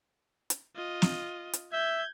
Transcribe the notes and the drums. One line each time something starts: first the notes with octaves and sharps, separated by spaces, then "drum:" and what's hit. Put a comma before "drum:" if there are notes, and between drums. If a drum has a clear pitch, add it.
drum: hi-hat
F4 D#5
drum: snare
drum: hi-hat
E5 G6 G#6